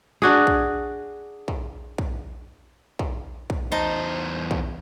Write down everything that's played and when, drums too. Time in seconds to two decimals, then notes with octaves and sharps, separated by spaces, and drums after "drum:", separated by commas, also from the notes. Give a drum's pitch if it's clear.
0.22 D4 F#4 G#4
0.47 drum: kick
1.48 drum: kick
1.98 drum: kick
2.99 drum: kick
3.50 drum: kick
3.72 E2 D#4 C5 A5
4.51 drum: kick